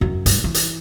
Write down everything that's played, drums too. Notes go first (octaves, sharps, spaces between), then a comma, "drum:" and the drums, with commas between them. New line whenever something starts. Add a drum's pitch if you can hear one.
F#2
G2, drum: hi-hat
E3
drum: hi-hat